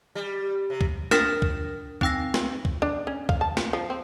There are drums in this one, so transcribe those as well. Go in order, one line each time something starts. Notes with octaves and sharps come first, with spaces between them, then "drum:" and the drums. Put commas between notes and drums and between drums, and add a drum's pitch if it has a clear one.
G3
C3
drum: kick
D4 A#4 F6 A6 A#6, drum: snare
drum: kick
C4 D#4 G5 E6 A#6, drum: kick
drum: snare
drum: kick
D4
C#4
F5, drum: kick
A5
drum: snare
F3
C4